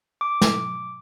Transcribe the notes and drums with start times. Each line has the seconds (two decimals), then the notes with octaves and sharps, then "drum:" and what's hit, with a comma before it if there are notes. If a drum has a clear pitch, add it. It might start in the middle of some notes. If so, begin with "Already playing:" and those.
0.21 D6
0.42 drum: snare